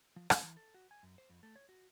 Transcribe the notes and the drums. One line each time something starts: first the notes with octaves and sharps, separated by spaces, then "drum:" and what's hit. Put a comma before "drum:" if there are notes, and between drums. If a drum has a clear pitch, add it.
F3
C4, drum: rim click
E3
A4
F#4
G#5
F#2
C5
F2
A3
C#5
F#4